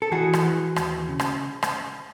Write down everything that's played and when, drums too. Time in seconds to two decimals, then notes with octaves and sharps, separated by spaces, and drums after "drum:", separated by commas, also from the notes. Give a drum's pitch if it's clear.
0.02 A4
0.12 E3 F#4 G#4
0.33 drum: rim click
0.44 E3
0.76 D#2, drum: rim click
1.09 C#3
1.20 drum: rim click
1.63 drum: rim click